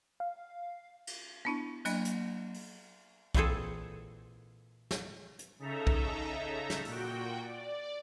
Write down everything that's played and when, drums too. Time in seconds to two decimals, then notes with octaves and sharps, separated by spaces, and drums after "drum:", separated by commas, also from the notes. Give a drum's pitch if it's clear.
0.20 F5
1.07 drum: cymbal
1.45 B3 D4 E4
1.85 F#3 A#3 D4, drum: cymbal
2.05 drum: hi-hat
2.54 drum: open hi-hat
3.35 A#2 E3 C4 G#4 A4, drum: kick B1
4.91 drum: snare
5.39 drum: hi-hat
5.59 C#3 D#4 A4 E5 A#5
5.87 drum: kick B1
6.70 drum: snare
6.85 A#2 F#4 G5, drum: open hi-hat
7.43 D5